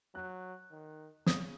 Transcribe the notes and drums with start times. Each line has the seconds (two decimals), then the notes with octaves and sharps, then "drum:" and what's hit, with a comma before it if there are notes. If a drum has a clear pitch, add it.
0.15 F#3 F#6
0.71 D#3
1.26 C#3 D#6, drum: snare